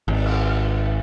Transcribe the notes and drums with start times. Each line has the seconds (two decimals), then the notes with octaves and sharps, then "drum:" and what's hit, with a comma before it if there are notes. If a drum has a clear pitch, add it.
0.08 G#1, drum: cymbal
0.26 drum: cymbal